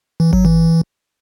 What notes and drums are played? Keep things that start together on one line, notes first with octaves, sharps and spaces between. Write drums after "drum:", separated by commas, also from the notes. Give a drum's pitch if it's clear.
E3
F#3, drum: kick G#1
E3